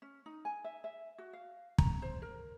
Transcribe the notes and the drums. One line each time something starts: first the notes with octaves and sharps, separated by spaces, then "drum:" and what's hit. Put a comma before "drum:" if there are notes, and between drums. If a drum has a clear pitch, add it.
C#4
D#4
G#5
E5
E5
F#4
F5
A#5, drum: kick
C5
A#4